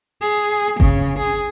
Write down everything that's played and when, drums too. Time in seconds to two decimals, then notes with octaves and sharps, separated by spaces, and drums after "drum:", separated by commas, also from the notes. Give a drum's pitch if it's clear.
0.22 G#4
0.80 C#3, drum: kick G1
1.18 G#4